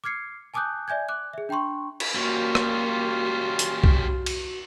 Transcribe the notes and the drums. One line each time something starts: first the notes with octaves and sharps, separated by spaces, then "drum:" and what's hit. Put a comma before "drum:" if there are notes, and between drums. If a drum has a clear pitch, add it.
D6 F6 G#6 C7 C#7
G#5 A5 D6 D#6 F#6 G6
D5 E5 G#5 G6 G#6
D6 F#6
G#4 E5
D4 G5 A#5 C6 C#6
drum: cymbal
G3 A#3 C#4 F4 F#4
drum: rim click
drum: hi-hat
drum: kick C2
drum: cymbal